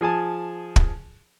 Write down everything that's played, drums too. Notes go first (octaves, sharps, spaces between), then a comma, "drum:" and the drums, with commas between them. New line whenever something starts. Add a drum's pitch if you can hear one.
F3 G#4 G#5 A5
drum: kick